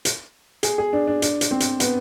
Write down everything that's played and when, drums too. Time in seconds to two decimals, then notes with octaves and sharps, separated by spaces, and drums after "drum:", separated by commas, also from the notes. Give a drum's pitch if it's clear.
0.05 drum: hi-hat
0.63 G#4, drum: hi-hat
0.78 G#4
0.93 D4
1.07 D4
1.22 D4, drum: hi-hat
1.41 drum: hi-hat
1.51 C4
1.60 drum: hi-hat
1.80 B3, drum: hi-hat